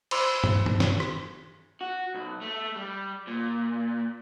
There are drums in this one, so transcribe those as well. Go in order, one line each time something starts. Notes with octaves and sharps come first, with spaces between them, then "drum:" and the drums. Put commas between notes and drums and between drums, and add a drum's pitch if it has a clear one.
C5 B5 C6 D6 E6 F7, drum: cymbal
drum: tom
drum: tom
drum: snare
drum: rim click
F#4
B1
A3
G3
A#2